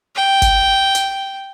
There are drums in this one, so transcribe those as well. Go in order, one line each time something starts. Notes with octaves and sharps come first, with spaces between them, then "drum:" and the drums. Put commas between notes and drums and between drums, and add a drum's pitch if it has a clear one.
G5
drum: kick, hi-hat
drum: hi-hat